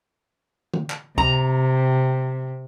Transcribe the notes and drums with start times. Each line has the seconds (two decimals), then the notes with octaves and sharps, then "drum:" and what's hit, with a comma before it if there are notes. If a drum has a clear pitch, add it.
0.74 drum: tom D3
0.90 drum: clap
1.18 C3 A#5, drum: kick C#2